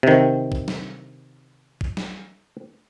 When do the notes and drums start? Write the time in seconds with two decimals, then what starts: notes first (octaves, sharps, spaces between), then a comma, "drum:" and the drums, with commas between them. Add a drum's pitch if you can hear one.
0.03 C3 D#3
0.52 drum: kick A1
0.68 drum: snare
1.81 drum: kick A1
1.97 drum: snare